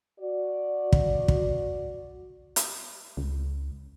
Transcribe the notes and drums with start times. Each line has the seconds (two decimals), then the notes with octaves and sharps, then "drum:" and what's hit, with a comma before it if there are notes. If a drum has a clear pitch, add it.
0.20 F#4 D5
0.92 drum: kick
1.28 drum: kick
2.56 drum: hi-hat
3.17 C#2